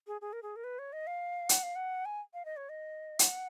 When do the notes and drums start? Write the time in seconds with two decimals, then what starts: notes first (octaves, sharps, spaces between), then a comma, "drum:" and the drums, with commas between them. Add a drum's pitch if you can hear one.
0.07 G#4
0.21 G#4
0.33 A#4
0.42 G#4
0.56 A#4
0.64 B4
0.79 C#5
0.93 D#5
1.07 F5
1.49 F#5, drum: hi-hat
1.63 F5
1.75 F#5
2.05 G#5
2.34 F5
2.45 D#5
2.57 C#5
2.69 D#5
3.19 F#5, drum: hi-hat